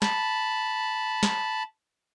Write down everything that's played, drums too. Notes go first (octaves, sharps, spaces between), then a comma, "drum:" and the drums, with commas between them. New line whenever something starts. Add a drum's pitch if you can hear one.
A5 B5, drum: snare
drum: snare